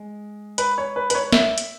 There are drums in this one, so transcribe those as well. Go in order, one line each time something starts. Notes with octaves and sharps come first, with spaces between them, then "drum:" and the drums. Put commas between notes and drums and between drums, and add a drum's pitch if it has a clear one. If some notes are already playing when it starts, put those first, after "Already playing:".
Already playing: G#3
B4, drum: hi-hat
C#5
B4
B4, drum: hi-hat
C#5
E5, drum: snare
drum: hi-hat